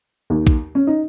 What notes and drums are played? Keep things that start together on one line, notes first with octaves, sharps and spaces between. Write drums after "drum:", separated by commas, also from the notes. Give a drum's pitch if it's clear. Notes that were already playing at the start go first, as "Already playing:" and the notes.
D#2 D#3
drum: kick
C#4
D#4